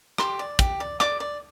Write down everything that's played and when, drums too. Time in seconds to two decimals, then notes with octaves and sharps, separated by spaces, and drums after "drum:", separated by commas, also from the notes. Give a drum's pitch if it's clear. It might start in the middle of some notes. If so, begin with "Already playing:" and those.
0.18 G4 C6, drum: rim click
0.39 D5
0.59 G4, drum: kick, hi-hat
0.80 D5
1.00 D5 D6, drum: rim click
1.20 D5